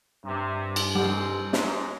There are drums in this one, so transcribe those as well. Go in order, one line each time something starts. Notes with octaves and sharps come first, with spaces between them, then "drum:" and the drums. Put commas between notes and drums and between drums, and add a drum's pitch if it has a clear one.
G2 C3
drum: cymbal
G#2 G3 C4
G#2 F#3, drum: snare